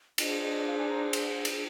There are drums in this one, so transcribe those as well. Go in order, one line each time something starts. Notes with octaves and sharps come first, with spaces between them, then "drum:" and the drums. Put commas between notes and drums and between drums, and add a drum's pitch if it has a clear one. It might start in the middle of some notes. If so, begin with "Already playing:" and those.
D4 G#4 C5 D#5, drum: cymbal
D#5
F5
G#5
A#5
drum: cymbal
drum: cymbal